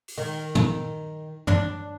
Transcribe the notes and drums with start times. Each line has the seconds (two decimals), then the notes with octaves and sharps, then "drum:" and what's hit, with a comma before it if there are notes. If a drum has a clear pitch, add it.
0.08 drum: open hi-hat
0.18 D#3
0.55 drum: tom
1.47 D4, drum: tom